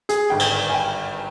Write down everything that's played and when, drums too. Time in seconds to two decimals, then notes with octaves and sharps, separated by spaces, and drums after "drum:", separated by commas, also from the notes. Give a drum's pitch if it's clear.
0.09 G#4, drum: hi-hat
0.30 G#1 G2 D3 G5
0.39 drum: cymbal
0.70 G#5
0.74 G5